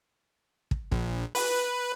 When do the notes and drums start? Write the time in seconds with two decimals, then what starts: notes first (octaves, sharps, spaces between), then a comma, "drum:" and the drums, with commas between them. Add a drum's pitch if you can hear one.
0.71 drum: kick
0.92 A#1, drum: kick
1.35 B4, drum: open hi-hat